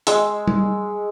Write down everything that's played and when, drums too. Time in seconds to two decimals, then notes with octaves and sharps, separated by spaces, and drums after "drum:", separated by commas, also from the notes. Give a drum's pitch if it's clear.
0.07 G#3 E6, drum: hi-hat
0.48 drum: tom G3